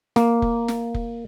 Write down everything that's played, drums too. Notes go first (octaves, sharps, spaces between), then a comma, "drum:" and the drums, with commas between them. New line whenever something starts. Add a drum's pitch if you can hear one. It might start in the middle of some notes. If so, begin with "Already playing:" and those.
A#3, drum: snare
drum: kick F1
drum: snare
drum: kick F1